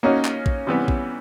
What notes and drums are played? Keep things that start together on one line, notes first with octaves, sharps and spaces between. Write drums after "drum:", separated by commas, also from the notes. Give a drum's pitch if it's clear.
A#3 C#4 D#4 F#4
drum: clap
drum: kick A#1
C3 E3 G3 B3
drum: kick A#1